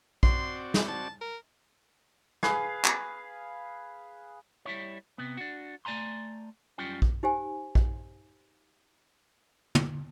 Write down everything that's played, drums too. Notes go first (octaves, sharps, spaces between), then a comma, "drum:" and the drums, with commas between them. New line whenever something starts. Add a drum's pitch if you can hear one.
C4 F#4 D5 C6, drum: kick A#1
E4, drum: snare
A5
A#4
G#4 B4 F5, drum: rim click
drum: clap
G3 E4 C#5
C3 B3
D4 F#4
A3 D5 G#5 A#5 C6
F#2 G3 C#4 F4 G5
drum: kick A#1
D#4 G4 C5 G#5
drum: kick A#1
drum: tom